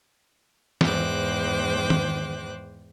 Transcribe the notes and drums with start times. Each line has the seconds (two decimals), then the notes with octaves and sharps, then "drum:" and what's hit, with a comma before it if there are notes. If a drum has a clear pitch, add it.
0.81 E2 G#2 C5 G5 D6 F#6, drum: snare
1.90 drum: tom D#3